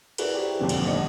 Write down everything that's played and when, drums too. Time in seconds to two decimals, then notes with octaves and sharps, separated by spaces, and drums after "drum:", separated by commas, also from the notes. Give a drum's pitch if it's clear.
0.18 E4 F#4 G#4 A#4 B4 D5, drum: cymbal
0.34 G4 C5
0.59 B1 F2 A#2 D3 G3
0.69 drum: cymbal
0.84 G#1 D#5 C#7